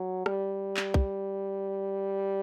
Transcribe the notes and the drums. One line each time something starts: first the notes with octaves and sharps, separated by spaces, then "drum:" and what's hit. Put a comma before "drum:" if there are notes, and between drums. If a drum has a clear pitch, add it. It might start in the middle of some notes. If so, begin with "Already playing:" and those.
Already playing: F#3
G3, drum: rim click
drum: clap
drum: kick